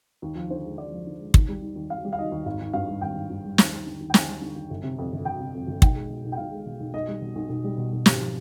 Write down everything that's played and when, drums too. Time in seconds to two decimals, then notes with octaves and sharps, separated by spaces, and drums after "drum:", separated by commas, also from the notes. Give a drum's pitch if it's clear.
0.22 D#2
0.35 F3
0.50 D3 C5
0.65 G#3
0.77 D#2 D5
0.92 F3
1.07 D3
1.19 G#3
1.34 D#2, drum: kick
1.49 G3
1.62 D#3
1.75 D#2
1.90 D#2 F5
2.05 G3
2.13 F5
2.18 D#3 D#5
2.32 D#2
2.46 G#1 F5
2.61 D#3
2.73 G2 F5
2.88 G3
3.01 G#1 G5
3.16 D#3
3.30 G2
3.44 G3
3.58 D#2, drum: snare
3.72 G3
3.86 D3
4.00 D#2
4.10 G5
4.14 D#2 G#5, drum: snare
4.28 G3
4.42 D3
4.56 D#2
4.70 G1
4.83 C3
4.98 F2
5.12 G1
5.25 G1 G5
5.40 C3
5.54 F2
5.67 G1
5.82 B1 G5, drum: kick
5.95 G#3
6.09 B2
6.24 B1
6.32 G5
6.37 B1 F5
6.51 G#3
6.66 B2
6.80 B1
6.94 B1 D#5
7.08 G3
7.22 B2
7.36 B1
7.50 B1
7.64 G3
7.78 B2
7.93 B1
8.06 G#1 G4, drum: snare
8.20 F3